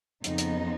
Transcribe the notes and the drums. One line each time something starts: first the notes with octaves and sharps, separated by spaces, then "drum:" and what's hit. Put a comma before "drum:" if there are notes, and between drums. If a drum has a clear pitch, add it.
F2 C#3 F3 B3 D#4, drum: hi-hat
drum: hi-hat